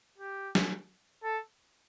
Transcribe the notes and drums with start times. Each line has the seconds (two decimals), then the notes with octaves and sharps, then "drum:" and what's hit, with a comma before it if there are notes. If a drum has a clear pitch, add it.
0.18 G4
0.55 drum: snare
1.23 A4